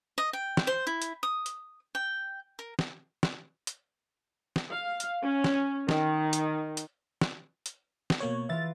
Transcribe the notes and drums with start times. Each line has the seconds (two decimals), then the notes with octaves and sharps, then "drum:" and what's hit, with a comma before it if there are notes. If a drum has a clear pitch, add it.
0.18 D#5
0.33 G5
0.57 drum: snare
0.67 C5
0.87 E4
1.02 drum: hi-hat
1.23 D#6
1.46 drum: hi-hat
1.95 G5
2.59 A#4
2.79 drum: snare
3.23 drum: snare
3.67 drum: hi-hat
4.56 drum: snare
4.69 F5
5.00 drum: hi-hat
5.22 C#4
5.44 drum: snare
5.89 D#3, drum: snare
6.33 drum: hi-hat
6.77 drum: hi-hat
7.21 drum: snare
7.66 drum: hi-hat
8.10 drum: snare
8.20 B2 A#3 C#5
8.49 E3 F4 E5 A6